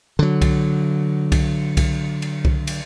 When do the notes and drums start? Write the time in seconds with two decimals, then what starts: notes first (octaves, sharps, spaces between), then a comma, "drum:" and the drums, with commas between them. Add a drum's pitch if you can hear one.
0.19 D3 F#3
0.42 drum: kick C2, cymbal
1.32 drum: kick C2, cymbal
1.77 drum: kick C2, cymbal
2.22 drum: cymbal
2.45 drum: kick C2
2.67 drum: cymbal